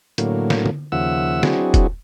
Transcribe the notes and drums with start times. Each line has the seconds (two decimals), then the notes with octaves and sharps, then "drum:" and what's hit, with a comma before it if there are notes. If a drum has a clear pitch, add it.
0.18 A2 D3 F#3 A#3, drum: hi-hat
0.50 drum: snare
0.66 drum: tom D3
0.92 D#2 C#3 F3 E5 F#5 E6
1.43 F#3 C4 D4 E4 F#4 G#4, drum: snare
1.74 drum: kick, hi-hat